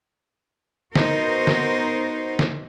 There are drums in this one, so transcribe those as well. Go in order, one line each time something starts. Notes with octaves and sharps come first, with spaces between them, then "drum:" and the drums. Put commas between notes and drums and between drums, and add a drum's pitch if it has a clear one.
B3 D#4 F#4 A#4 C5, drum: snare
drum: snare
drum: snare